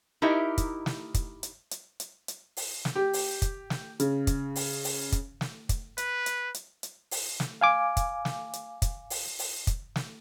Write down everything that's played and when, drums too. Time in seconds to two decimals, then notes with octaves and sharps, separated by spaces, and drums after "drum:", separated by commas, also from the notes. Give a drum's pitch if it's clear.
0.22 D#4 E4 G4 A#4 D#5 E5
0.58 drum: kick, hi-hat
0.86 drum: snare
1.14 drum: kick, hi-hat
1.43 drum: hi-hat
1.71 drum: hi-hat
2.00 drum: hi-hat
2.28 drum: hi-hat
2.57 drum: open hi-hat
2.85 drum: snare
2.96 G4
3.13 drum: open hi-hat
3.42 drum: kick, hi-hat
3.70 drum: snare
4.00 C#3, drum: hi-hat
4.27 drum: kick, hi-hat
4.56 drum: open hi-hat
4.84 drum: open hi-hat
5.12 drum: kick, hi-hat
5.41 drum: snare
5.69 drum: kick, hi-hat
5.98 B4, drum: hi-hat
6.26 drum: hi-hat
6.54 drum: hi-hat
6.83 drum: hi-hat
7.11 drum: open hi-hat
7.40 drum: snare
7.61 F5 G#5 D6
7.97 drum: kick, hi-hat
8.25 drum: snare
8.53 drum: hi-hat
8.82 drum: kick, hi-hat
9.10 drum: open hi-hat
9.39 drum: open hi-hat
9.67 drum: kick, hi-hat
9.96 drum: snare